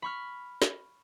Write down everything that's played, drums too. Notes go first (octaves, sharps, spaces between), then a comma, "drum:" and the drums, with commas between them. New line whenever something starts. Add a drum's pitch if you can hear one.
B5 C#6 F6
drum: snare